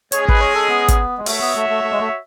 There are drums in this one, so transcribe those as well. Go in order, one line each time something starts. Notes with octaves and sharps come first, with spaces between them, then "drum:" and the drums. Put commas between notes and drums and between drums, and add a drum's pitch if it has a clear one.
G#3 C#4 G#4 C#5 D#5, drum: hi-hat
B4, drum: kick
C#5
A4
B3
drum: kick, hi-hat
G#3
A3 F#4 C#5 E5, drum: open hi-hat
B3
A3
A3
A3
G#3
A3